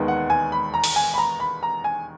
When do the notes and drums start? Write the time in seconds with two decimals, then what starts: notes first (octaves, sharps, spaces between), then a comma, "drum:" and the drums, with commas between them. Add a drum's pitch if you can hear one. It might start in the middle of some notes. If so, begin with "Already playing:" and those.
Already playing: E1 D#2 D#3 G#3 B3
0.08 F#5
0.30 G#5
0.52 B5
0.74 A#5
0.84 drum: open hi-hat
0.96 G#5
1.14 B5
1.18 A#5
1.40 B5
1.63 A#5
1.84 G#5